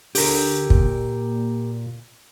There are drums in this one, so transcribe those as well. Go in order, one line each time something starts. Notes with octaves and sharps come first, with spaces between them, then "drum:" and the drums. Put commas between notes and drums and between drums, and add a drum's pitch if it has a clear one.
D3 G4 A#4, drum: open hi-hat
A#2, drum: kick